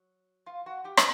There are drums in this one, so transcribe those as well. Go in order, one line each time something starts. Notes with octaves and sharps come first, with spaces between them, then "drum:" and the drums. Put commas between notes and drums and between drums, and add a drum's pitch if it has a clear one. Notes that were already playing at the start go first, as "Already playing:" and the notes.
Already playing: F#3
F4 F5
F#4 F#5
G4 G5
drum: rim click